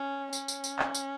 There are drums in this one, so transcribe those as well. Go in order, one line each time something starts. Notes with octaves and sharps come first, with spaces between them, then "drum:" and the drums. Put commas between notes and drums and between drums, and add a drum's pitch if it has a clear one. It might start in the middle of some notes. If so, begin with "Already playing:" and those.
Already playing: C#4
C#4, drum: tambourine
drum: tambourine
drum: tambourine
drum: clap
drum: tambourine